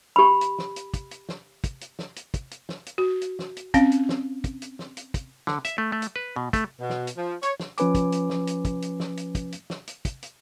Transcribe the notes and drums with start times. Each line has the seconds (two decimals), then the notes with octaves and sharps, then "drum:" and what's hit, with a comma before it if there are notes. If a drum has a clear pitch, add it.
0.16 G4 B5
0.41 drum: hi-hat
0.59 drum: snare
0.76 drum: hi-hat
0.94 drum: kick, hi-hat
1.11 drum: hi-hat
1.29 drum: snare
1.64 drum: kick, hi-hat
1.81 drum: hi-hat
1.99 drum: snare
2.16 drum: hi-hat
2.34 drum: kick, hi-hat
2.51 drum: hi-hat
2.69 drum: snare
2.86 drum: hi-hat
2.98 F#4
3.21 drum: hi-hat
3.39 drum: snare
3.56 drum: hi-hat
3.74 C4 C#4 F5, drum: kick, hi-hat
3.92 drum: hi-hat
4.09 drum: snare
4.44 drum: kick, hi-hat
4.62 drum: hi-hat
4.79 drum: snare
4.97 drum: hi-hat
5.14 drum: kick, hi-hat
5.47 D3, drum: snare
5.65 E5, drum: hi-hat
5.78 A3
5.92 A3
6.02 drum: hi-hat
6.16 B4
6.36 B2
6.53 A3, drum: kick, hi-hat
6.80 B2
6.89 drum: snare
7.07 drum: hi-hat
7.17 F3
7.43 C#5, drum: hi-hat
7.60 drum: snare
7.78 F3 C#4 B4 G#5 D6, drum: hi-hat
7.95 drum: kick, hi-hat
8.12 drum: hi-hat
8.30 drum: snare
8.47 drum: hi-hat
8.65 drum: kick, hi-hat
8.82 drum: hi-hat
9.00 drum: snare
9.17 drum: hi-hat
9.35 drum: kick, hi-hat
9.52 drum: hi-hat
9.70 drum: snare
9.87 drum: hi-hat
10.05 drum: kick, hi-hat
10.22 drum: hi-hat